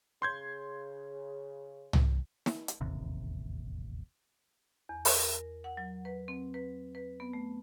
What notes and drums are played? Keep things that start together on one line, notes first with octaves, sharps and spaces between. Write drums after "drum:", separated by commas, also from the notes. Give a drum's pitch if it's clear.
C#3 C6 G6 G#6
drum: tom
drum: snare
drum: hi-hat
E1 A1 D#2 C3
E2
drum: open hi-hat
A#4
F#5
F#3
B4
C4
B4
B4
B3
A3